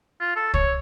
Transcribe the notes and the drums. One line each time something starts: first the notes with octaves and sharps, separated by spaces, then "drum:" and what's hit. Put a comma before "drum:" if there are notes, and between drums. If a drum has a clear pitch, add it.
F4
A4
C#5, drum: kick